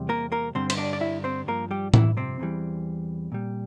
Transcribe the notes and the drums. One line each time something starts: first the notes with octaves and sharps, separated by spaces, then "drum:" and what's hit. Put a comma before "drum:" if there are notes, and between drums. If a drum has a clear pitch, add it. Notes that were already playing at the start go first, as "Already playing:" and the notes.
Already playing: E2 C3 G3
A#3 A#4
A#3 A#4
G2 D3 G3 C4 C5
C5, drum: cymbal
D4 D5
D5
E4 E5
C4 C5
G2 F3 A#3 A#4
G3 G4
E3 E4, drum: tom A2
C3 C4
E2 C3 E3 G3
A#2 G3